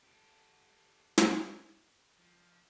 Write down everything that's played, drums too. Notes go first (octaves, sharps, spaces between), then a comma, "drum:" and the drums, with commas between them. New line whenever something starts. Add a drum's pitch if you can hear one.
G4 A4
drum: snare
F3